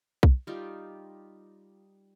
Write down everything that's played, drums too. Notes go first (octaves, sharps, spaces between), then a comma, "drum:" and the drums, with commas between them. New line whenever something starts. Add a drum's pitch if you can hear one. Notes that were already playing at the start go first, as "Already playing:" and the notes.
drum: kick B1
G3 D#4 F4 G4